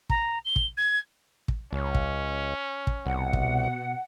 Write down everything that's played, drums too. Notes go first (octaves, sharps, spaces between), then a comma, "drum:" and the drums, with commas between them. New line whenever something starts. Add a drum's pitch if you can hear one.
A#5, drum: kick
G7
drum: kick
G#6
drum: kick
C#2 C#4
drum: kick
drum: kick
C2 B2 F#5
drum: kick